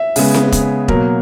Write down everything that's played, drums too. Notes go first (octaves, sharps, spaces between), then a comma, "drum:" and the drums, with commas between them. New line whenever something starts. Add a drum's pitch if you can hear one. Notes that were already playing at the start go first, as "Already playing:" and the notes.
Already playing: E5
C#3 G#3 B3, drum: open hi-hat
drum: snare C4
drum: kick E1, hi-hat
B2 F#3 A#3 A#4, drum: kick E1